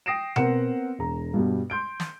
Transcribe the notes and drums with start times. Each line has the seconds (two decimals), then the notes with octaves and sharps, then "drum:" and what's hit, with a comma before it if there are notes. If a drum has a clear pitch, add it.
0.06 G5 D#6 A#6 C7 D7 E7
0.36 B3 C4 A#4 F#5 C#7 E7, drum: tom B2
0.99 E1 A#5
1.34 G2 B2 G3
1.70 C6 G6 D7
2.00 drum: snare